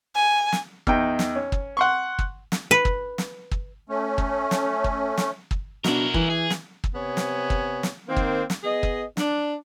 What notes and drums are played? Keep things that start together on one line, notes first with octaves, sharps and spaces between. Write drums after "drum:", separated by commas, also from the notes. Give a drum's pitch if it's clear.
G#5
drum: snare
E2 D#4 G5, drum: kick
drum: snare
C#4
drum: kick
F#5 C6 C#6
drum: kick
drum: snare
B4
drum: kick
drum: snare
drum: kick
A3 C#4
drum: kick
drum: snare
drum: kick
drum: snare
drum: kick
B2 D4 E4 A#4, drum: snare
E3, drum: kick
G#4
drum: snare
drum: kick
C3 B3 C#5 G#5
drum: snare
drum: kick
drum: snare
D#3 A#3 C4
drum: kick
drum: snare
B3 G#4 D#5
drum: kick
D4, drum: snare